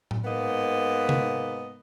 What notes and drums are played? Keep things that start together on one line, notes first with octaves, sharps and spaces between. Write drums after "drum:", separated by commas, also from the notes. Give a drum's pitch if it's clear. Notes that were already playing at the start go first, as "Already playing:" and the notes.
drum: tom A2
G#2 A#3 B3 D#5
drum: tom C3